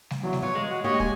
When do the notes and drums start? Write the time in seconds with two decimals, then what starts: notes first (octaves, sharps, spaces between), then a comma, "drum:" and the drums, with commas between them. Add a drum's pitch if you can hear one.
0.10 drum: snare
0.23 E2 F#3
0.33 drum: snare
0.42 B3 F4 C#5
0.55 G#3
0.70 F#4
0.84 G2 A#3 G4 C#5 D#5
1.00 G#5, drum: kick